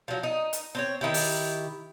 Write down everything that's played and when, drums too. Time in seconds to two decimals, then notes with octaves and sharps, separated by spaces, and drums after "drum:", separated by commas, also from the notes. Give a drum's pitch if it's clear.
0.08 F3 F#3
0.23 D#4
0.53 drum: hi-hat
0.75 C4 C5 C#5
1.01 D#3 E4 G4
1.14 drum: open hi-hat